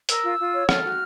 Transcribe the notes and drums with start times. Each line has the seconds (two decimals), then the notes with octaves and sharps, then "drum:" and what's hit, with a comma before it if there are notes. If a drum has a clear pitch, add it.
0.09 A#4 E6, drum: hi-hat
0.24 F4
0.39 F4
0.54 C#5
0.69 A4 F6, drum: rim click
0.84 F#4